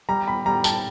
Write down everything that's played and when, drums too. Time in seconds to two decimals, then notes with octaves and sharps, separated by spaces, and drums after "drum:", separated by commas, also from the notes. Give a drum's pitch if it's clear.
0.09 G3 A#5
0.28 B5
0.46 G3 A#5
0.64 A5, drum: tambourine